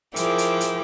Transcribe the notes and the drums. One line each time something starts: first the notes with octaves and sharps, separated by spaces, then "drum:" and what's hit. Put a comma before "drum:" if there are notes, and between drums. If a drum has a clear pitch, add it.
F3 E4 G#4 A#4 G5 D6, drum: hi-hat
drum: hi-hat
drum: hi-hat